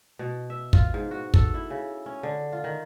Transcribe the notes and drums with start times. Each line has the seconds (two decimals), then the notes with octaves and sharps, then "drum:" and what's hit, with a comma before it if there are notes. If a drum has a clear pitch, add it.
0.19 B2
0.50 E5
0.73 F4, drum: kick
0.94 G#2
1.11 F#4
1.34 A4, drum: kick
1.54 E4
1.70 C#3
2.06 C#4
2.23 D3
2.52 F4
2.64 D#3